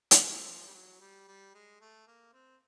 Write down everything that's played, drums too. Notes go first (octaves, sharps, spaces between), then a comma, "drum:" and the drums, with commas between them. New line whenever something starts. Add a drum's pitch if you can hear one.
drum: hi-hat
F3
G3
F#3
G3
G3
G#3
A3
A#3
C4